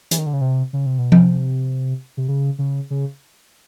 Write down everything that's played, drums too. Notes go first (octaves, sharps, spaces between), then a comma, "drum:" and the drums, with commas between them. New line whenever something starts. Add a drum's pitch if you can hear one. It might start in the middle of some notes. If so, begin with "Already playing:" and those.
E3, drum: hi-hat
D#3
D3
C#3
C3
C#3
C3
B2
C3, drum: tom F3
C3
C#3
C#3
C#3